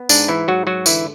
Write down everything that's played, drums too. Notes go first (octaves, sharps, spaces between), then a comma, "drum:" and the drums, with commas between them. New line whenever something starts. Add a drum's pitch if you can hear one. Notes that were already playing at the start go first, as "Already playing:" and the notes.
Already playing: B3
G#2 D4, drum: tambourine
E3 E4
G#2 F#3 F#4
F#3 F#4
D3 E3 E4, drum: tambourine